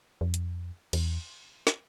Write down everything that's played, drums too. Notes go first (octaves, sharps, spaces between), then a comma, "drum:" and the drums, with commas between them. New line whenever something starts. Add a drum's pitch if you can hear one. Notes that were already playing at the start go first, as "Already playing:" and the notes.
F2
drum: hi-hat
E2, drum: cymbal
drum: snare